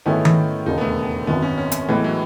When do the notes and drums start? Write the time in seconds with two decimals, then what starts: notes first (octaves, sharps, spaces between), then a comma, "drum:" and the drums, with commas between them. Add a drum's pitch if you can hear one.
0.05 G#2 D#3 A3 B3 C#4 E4
0.25 drum: tom D#3
0.66 E1 D#2 C#3 D#4
0.78 B3
0.81 A3
1.27 G#1 F#2 D#3 B3
1.42 C#4
1.58 C#4
1.72 drum: hi-hat
1.88 A2 E3 G#3 B3
2.04 F#3